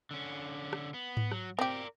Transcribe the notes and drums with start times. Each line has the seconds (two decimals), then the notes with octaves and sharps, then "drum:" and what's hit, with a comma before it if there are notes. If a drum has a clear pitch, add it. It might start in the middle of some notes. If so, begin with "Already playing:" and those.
0.11 D3 C#4
0.73 drum: rim click
0.94 B3
1.17 drum: tom G#2
1.32 F#3, drum: rim click
1.59 C4 G4 A#4 D5